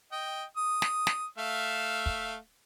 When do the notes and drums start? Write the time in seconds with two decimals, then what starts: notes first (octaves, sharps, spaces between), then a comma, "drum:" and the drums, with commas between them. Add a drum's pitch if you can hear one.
0.12 D#5 G5
0.57 D#6
0.82 drum: snare
1.07 drum: snare
1.38 A3 E5 F5
2.06 drum: kick